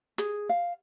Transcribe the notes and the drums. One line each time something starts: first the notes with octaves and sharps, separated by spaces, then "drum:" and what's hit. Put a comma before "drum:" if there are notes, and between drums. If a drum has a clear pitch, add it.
G#4, drum: hi-hat
F5